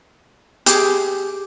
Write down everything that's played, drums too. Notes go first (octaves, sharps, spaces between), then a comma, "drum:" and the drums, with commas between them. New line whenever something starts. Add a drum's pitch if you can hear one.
G4 G#4, drum: hi-hat